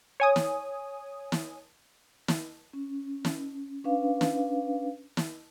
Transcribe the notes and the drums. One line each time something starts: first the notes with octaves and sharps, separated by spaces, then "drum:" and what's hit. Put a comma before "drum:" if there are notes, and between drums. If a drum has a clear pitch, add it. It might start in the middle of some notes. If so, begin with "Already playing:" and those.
C#5 G#5 D#6
drum: snare
drum: snare
drum: snare
C#4
drum: snare
C#4 D4 B4 F5
drum: snare
drum: snare